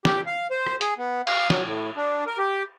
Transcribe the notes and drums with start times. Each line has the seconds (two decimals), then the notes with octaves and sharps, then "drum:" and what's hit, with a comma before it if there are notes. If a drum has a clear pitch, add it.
0.05 G4, drum: snare
0.26 F5
0.51 C5
0.67 drum: rim click
0.81 G#4, drum: hi-hat
0.98 B3
1.27 F5, drum: cymbal
1.50 F#3, drum: snare
1.65 A2
1.97 D4
2.27 A#4
2.38 G4